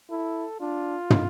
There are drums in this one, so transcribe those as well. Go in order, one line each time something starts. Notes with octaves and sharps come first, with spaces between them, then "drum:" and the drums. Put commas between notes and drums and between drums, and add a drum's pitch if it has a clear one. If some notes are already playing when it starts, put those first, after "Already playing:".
E4 A4
D4 F4
drum: tom